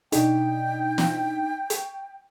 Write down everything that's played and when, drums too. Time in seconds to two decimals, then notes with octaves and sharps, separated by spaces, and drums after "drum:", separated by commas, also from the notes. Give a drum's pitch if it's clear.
0.12 B2 D4 D#4 G5, drum: hi-hat
0.98 drum: snare
1.70 drum: hi-hat